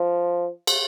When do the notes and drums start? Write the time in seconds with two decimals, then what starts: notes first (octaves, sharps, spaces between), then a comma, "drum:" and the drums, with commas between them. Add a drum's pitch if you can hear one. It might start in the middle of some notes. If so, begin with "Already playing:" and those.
Already playing: F3
0.67 drum: cymbal